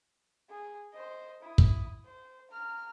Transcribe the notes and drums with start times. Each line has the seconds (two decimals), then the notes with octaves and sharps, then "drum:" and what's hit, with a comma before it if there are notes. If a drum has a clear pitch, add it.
0.49 G#4
0.93 C5 D#5
1.42 E4 D#6
1.58 drum: kick
2.05 C5
2.50 A#5 F6